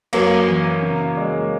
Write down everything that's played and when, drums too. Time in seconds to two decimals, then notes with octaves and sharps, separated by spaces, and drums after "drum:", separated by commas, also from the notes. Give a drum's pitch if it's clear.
0.13 F#2 F#3 A#3, drum: cymbal
0.48 E3
0.82 C#3
1.17 G#3